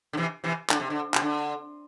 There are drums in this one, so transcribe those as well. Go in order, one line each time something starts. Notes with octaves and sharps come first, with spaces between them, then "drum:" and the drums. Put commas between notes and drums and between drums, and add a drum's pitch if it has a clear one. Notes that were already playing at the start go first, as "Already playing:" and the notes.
D3
C3 E3
C3 E3
D3, drum: clap
C3
D3
C3, drum: clap
D3